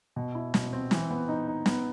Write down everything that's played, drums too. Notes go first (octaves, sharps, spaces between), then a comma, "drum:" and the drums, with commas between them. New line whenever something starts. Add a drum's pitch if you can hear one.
B2
E4
B2, drum: snare
C4
E3, drum: snare
B3
D#4
D#4
B3, drum: snare